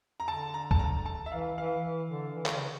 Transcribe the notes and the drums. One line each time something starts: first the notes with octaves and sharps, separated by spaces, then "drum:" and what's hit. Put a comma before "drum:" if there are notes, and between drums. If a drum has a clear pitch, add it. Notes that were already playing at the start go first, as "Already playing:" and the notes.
A#5
D3 A5
A#5
A5, drum: kick C2
A#5
A5
E5
E3 F5
E3 F5
E3
D3
E3
D3, drum: clap
C#3